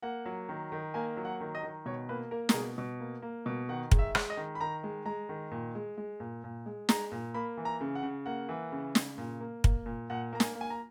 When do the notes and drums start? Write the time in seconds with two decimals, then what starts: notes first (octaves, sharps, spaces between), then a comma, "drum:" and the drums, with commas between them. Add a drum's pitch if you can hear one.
0.02 A#3 F#5
0.26 F#3
0.49 D#3
0.72 D#3
0.94 A#3 G#5
1.17 F#3
1.25 F#5
1.41 D#3
1.55 D#5
1.63 D#3
1.86 B2 C#5
2.09 A#3 B4
2.31 A#3 A#4
2.49 A#4, drum: snare
2.54 B2 G#4
2.78 B2
3.00 A#3
3.22 A#3
3.46 B2
3.69 D#3 F#5
3.92 G#3, drum: kick
3.99 E5
4.15 G#3, drum: rim click
4.30 D#5
4.37 D#3
4.55 B5
4.60 D#3 A#5
4.84 G#3
5.06 G#3 A#5
5.29 D#3
5.51 A#2
5.75 G#3
5.97 G#3
6.20 A#2
6.44 A#2
6.66 G#3
6.89 G#3 A#5, drum: snare
7.12 A#2
7.34 A#3 B5
7.57 E3
7.65 A#5
7.81 C#3
7.95 F#5
8.03 C#3
8.26 A#3 F#5
8.49 E3
8.72 C#3
8.95 C#3, drum: snare
9.18 A#2
9.40 A#3
9.64 A#3, drum: kick
9.86 A#2
10.10 A#2 F#5
10.33 A#3 A#5
10.40 G#5, drum: snare
10.55 A#3
10.61 G#5
10.70 A#5